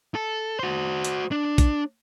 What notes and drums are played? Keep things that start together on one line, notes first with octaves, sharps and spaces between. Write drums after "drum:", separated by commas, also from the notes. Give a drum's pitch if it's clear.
A4
F#4 C5
drum: hi-hat
D4
drum: kick A#1, hi-hat